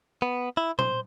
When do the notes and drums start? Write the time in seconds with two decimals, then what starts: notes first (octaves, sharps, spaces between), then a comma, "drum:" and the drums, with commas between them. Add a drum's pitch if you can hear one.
0.22 B3
0.57 E4
0.79 C5, drum: tom A#2